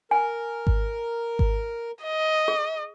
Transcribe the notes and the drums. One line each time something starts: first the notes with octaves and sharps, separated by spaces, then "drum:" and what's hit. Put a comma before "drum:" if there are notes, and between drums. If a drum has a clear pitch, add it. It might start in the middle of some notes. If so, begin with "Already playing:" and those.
A#4 G#5
drum: kick G#1
drum: kick G#1
D#5
G#4